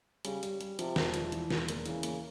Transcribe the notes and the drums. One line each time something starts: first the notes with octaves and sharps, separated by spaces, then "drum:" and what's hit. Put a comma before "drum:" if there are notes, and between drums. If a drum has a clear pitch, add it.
C#3 G3, drum: hi-hat
G3, drum: hi-hat
G3, drum: hi-hat
C3 F3, drum: hi-hat
E1, drum: snare
F3, drum: hi-hat
E3, drum: hi-hat
E1, drum: snare
A#3, drum: hi-hat
C#3 E3, drum: hi-hat
A#3, drum: hi-hat